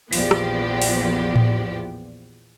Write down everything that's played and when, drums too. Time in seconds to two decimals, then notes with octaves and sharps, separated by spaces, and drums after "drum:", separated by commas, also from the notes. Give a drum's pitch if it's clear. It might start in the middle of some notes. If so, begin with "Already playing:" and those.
0.13 A#1 E2 F3 B3 G4 D5, drum: open hi-hat
0.31 drum: rim click
0.82 drum: open hi-hat
1.36 drum: tom A2